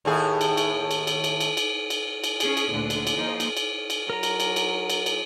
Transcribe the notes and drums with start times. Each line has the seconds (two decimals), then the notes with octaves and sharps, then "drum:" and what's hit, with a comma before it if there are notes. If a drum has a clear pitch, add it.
0.05 D#2 A2 G#4
0.41 drum: cymbal
0.57 drum: cymbal
0.91 drum: cymbal
1.07 drum: cymbal
1.24 drum: cymbal
1.40 drum: cymbal
1.57 drum: cymbal
1.90 drum: cymbal
2.24 drum: cymbal
2.40 C#4 G#4, drum: cymbal
2.57 drum: cymbal
2.69 D2 A#2 D3
2.90 drum: cymbal
3.07 drum: cymbal
3.17 F3 A#3 D#4
3.40 drum: cymbal
3.57 drum: cymbal
3.90 drum: cymbal
4.10 F#3 A#4 A#5
4.23 drum: cymbal
4.40 drum: cymbal
4.56 drum: cymbal
4.90 drum: cymbal
5.06 drum: cymbal